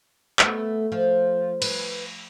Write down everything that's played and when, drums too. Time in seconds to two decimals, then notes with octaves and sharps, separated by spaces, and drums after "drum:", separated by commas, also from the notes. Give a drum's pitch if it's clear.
0.39 A3 B3, drum: clap
0.92 F3
1.62 B4, drum: cymbal